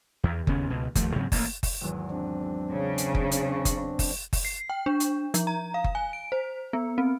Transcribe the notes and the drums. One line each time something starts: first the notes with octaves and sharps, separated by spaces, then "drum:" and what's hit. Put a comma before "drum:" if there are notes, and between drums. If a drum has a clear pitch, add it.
E2
D#2 C#3 B3 C#4, drum: kick F#1
C#2 B2
D#2 F3 A3, drum: kick F#1, hi-hat
G#2 C#3 F#3 C4
A1 A#3, drum: kick F#1, open hi-hat
drum: kick F#1, open hi-hat
G#1 E2 F#3
C4 D4
C#3
drum: hi-hat
drum: kick F#1
drum: hi-hat
C#6 A#6 B6
drum: kick F#1, hi-hat
drum: kick F#1, open hi-hat
drum: kick F#1, open hi-hat
C7
G5
D4
drum: hi-hat
F3, drum: hi-hat
A#5
F5
drum: kick F#1
G#5
D7
C5
B3
C4